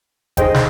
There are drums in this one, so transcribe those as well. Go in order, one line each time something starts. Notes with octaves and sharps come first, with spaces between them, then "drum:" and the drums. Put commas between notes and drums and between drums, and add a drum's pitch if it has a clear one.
D#4 G#4 C5 D#5 G5, drum: kick F#1, hi-hat
drum: snare